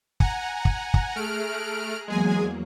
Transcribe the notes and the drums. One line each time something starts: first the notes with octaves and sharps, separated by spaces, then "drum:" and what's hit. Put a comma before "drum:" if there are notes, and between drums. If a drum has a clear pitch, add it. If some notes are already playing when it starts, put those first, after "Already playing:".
F#5 G#5 A#5, drum: kick
drum: kick
drum: kick
A3 G#4 A#5 F6 F#6 D7
E2 F#3 G#3 A#3 G#4 G#5